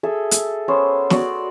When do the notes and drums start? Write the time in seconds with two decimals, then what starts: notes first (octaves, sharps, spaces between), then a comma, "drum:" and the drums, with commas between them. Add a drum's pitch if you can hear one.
0.03 G#4 A4 E5
0.31 drum: hi-hat
0.68 B3 C#4 C5
1.10 F#4 D5, drum: snare